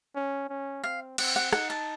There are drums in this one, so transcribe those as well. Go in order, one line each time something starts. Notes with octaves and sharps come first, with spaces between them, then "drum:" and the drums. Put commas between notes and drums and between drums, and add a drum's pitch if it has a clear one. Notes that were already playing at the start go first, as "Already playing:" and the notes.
C#4
C#4
C4 F5
C4 F#5, drum: cymbal
F#5
D#4 F#5, drum: rim click
A5